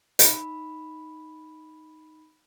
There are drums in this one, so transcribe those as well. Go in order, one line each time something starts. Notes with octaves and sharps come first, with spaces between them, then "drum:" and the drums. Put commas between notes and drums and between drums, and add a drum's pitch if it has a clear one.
D#4 B5, drum: hi-hat